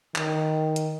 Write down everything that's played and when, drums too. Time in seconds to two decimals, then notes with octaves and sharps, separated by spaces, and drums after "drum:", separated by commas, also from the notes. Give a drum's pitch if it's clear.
0.16 D#3, drum: clap
0.76 drum: hi-hat